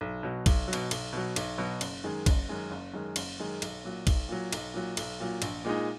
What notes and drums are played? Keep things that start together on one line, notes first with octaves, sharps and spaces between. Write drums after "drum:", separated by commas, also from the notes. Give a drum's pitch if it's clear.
B1
B2 F#3
B1, drum: kick, cymbal
F#3
B2, drum: cymbal
B1, drum: cymbal
B2 F#3
B1, drum: cymbal
B2 F#3
F#1, drum: cymbal
F#2 D#3 G#3
F#1, drum: kick, cymbal
F#2 D#3 G#3
F#1
F#2 D#3 G#3
F#1, drum: cymbal
F#2 D#3 G#3
B1, drum: cymbal
A#2 F#3
B1, drum: kick, cymbal
A#2 F#3
B1, drum: cymbal
A#2 F#3
B1, drum: cymbal
A#2 F#3
A#1, drum: cymbal
A#2 G#3 D#4